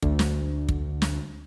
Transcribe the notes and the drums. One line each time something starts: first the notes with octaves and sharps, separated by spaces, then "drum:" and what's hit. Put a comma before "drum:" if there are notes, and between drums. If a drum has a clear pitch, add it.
D2, drum: kick
drum: snare
drum: kick
drum: snare